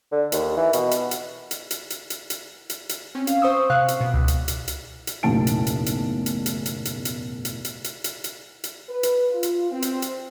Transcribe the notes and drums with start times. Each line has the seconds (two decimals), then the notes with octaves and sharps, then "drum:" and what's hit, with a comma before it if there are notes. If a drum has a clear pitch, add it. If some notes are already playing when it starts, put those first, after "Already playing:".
0.12 D3
0.32 D#2, drum: hi-hat
0.57 E3
0.73 B2, drum: hi-hat
0.91 drum: hi-hat
1.11 drum: hi-hat
1.51 drum: hi-hat
1.71 drum: hi-hat
1.90 drum: hi-hat
2.10 drum: hi-hat
2.30 drum: hi-hat
2.70 drum: hi-hat
2.89 drum: hi-hat
3.15 C4 C#4
3.27 F5, drum: hi-hat
3.42 C5 C#6 D#6 E6
3.70 C3 F5 C#6 F#6
3.88 drum: hi-hat
4.01 B2
4.14 C#2
4.28 drum: hi-hat
4.48 drum: hi-hat
4.68 drum: hi-hat
5.07 drum: hi-hat
5.23 F#1 B1 E2 A2 A5 D7
5.47 drum: hi-hat
5.67 drum: hi-hat
5.86 drum: hi-hat
6.26 drum: hi-hat
6.46 drum: hi-hat
6.66 drum: hi-hat
6.85 drum: hi-hat
7.05 drum: hi-hat
7.45 drum: hi-hat
7.65 drum: hi-hat
7.84 drum: hi-hat
8.04 drum: hi-hat
8.24 drum: hi-hat
8.64 drum: hi-hat
8.89 B4
9.03 drum: hi-hat
9.31 F4
9.43 drum: hi-hat
9.71 C4
9.82 drum: hi-hat
10.02 drum: hi-hat